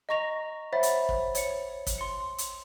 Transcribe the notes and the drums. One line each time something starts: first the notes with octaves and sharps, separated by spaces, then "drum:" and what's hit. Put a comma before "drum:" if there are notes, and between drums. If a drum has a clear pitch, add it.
D#5 A#5 C#6 A#6 F7
C5 C#5 E5 F#5 B5 A6
drum: hi-hat
drum: kick
C#5 C#7, drum: hi-hat
drum: kick, hi-hat
C6 C#7
drum: hi-hat